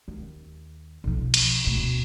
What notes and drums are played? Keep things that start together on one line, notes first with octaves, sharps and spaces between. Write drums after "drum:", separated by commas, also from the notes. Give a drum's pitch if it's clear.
D#2
B1 F3
drum: cymbal
D2 B2